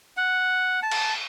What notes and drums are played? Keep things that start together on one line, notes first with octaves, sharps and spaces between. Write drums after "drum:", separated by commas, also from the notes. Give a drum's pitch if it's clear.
F#5
A5
drum: cymbal